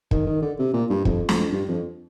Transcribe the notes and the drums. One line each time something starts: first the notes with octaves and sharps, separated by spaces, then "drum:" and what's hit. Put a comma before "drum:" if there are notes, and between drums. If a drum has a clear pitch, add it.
D#3, drum: kick
D#3
D3
C3
A#2
G2
F2, drum: kick
F2, drum: snare
G2
F2